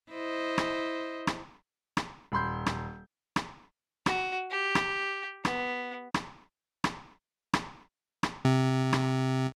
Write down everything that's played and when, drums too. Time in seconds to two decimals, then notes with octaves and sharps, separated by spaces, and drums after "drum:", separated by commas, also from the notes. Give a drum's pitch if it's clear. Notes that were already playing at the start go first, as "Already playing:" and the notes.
0.11 E4 C5 D#5
0.58 drum: rim click
1.27 drum: rim click
1.97 drum: rim click
2.32 D#1 B5 C6 G6
2.66 drum: rim click
3.36 drum: rim click
4.06 F#4, drum: rim click
4.50 G4
4.75 drum: rim click
5.45 B3, drum: rim click
6.14 drum: rim click
6.84 drum: rim click
7.53 drum: rim click
8.23 drum: rim click
8.45 C3
8.93 drum: rim click